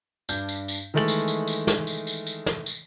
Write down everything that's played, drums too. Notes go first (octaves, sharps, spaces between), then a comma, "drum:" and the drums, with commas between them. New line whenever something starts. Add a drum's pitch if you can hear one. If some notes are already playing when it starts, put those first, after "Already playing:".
G2 D4 G6, drum: tambourine
drum: tambourine
drum: tambourine
D#3 E3 G#3 A3 A6 F#7
drum: tambourine
drum: tambourine
drum: tambourine
drum: snare
drum: tambourine
drum: tambourine
drum: tambourine
drum: snare
drum: tambourine